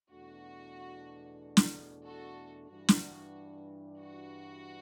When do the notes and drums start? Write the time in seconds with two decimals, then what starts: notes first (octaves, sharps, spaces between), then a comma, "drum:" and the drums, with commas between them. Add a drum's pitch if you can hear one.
0.10 E2 B2 A3 D4 F#4
1.57 drum: snare
2.04 F#4 A4
2.68 G2 E3 G3 D4 F#4
2.89 drum: snare
3.98 F#4